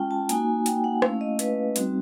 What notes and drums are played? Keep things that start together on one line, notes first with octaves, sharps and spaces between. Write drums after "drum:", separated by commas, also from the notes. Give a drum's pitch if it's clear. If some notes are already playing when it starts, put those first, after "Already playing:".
Already playing: G#3 C#4 F4 G5 A5
A5
A#3 D#4 F#4 G#5, drum: hi-hat
G5, drum: hi-hat
F#5
A3 C#4 E4 F5, drum: rim click
D#5
B4, drum: hi-hat
G3 C4 D#4 F#4, drum: hi-hat